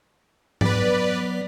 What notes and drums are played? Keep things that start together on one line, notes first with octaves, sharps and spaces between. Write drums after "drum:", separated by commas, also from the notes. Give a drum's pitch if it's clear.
F#3 B3 B4 D5 B6, drum: tom G#2